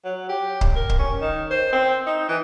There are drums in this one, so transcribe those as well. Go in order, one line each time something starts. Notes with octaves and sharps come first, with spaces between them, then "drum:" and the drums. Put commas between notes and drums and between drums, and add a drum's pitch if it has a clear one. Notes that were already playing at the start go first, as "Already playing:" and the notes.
F#3
G4
drum: kick C#1
A#4
drum: kick C#1
C#4
D#3
C5
C4
D#4
E3